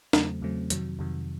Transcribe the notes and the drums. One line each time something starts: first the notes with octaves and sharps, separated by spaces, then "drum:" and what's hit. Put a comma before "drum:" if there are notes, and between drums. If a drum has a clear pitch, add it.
E2 C#3 F#3 A3 C4, drum: snare D4
E2 C#3 F#3 A3 C4
F2 C3 D#3 F#3, drum: hi-hat
F2 C3 D#3 F#3